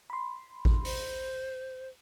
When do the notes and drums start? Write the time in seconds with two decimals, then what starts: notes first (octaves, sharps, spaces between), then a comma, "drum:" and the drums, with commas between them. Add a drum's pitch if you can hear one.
0.10 B5 C6
0.65 drum: kick A1
0.85 C5, drum: open hi-hat